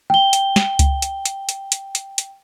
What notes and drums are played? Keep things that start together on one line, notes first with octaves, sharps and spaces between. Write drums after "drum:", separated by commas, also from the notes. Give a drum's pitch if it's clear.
G5 G7
drum: hi-hat
drum: snare
drum: kick C#2, hi-hat
drum: hi-hat
drum: hi-hat
drum: hi-hat
drum: hi-hat
drum: hi-hat
drum: hi-hat